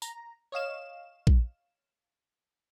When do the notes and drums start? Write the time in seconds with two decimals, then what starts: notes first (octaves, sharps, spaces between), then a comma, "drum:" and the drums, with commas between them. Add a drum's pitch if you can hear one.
0.02 A#5, drum: tambourine
0.52 C#5 D#5 F5 E7
1.27 drum: kick